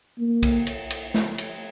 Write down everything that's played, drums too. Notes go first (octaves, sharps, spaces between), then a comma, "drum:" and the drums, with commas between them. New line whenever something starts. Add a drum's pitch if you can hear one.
A#3
drum: kick B1, cymbal
drum: cymbal
drum: cymbal
drum: snare
drum: cymbal